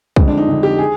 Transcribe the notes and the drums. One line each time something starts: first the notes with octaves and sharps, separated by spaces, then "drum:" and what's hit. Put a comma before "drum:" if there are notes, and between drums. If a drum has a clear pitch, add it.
F2 D3 G#3, drum: kick
D4
D#4
F2 D3 G#3
G4
G#4